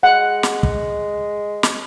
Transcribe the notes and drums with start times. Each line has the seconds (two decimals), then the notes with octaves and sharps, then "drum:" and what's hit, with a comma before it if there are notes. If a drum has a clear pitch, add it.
0.03 G#3 F#5
0.43 drum: snare
0.63 drum: kick
1.63 drum: snare